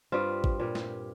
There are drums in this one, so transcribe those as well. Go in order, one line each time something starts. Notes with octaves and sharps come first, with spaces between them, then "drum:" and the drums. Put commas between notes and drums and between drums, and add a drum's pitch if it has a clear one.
G2 G3 C4 F4
drum: kick G#1
A#2 G3
drum: snare